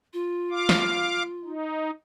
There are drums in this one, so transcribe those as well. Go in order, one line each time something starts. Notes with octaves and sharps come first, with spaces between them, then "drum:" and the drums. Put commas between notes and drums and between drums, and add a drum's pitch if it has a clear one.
F4
F5 D6
drum: snare
D#4